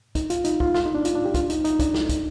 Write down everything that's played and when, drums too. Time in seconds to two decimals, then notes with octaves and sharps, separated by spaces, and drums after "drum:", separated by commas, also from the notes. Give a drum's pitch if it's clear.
0.15 D#4, drum: kick, hi-hat
0.30 F4, drum: hi-hat
0.44 D#4, drum: hi-hat
0.60 F4, drum: kick
0.74 F4, drum: snare
0.85 D#4
0.95 D4
1.05 F4, drum: hi-hat
1.15 D4
1.25 G4
1.34 F4, drum: kick, hi-hat
1.50 D#4, drum: hi-hat
1.65 D#4, drum: hi-hat
1.79 D4, drum: kick, hi-hat
1.94 drum: snare
2.09 drum: kick, hi-hat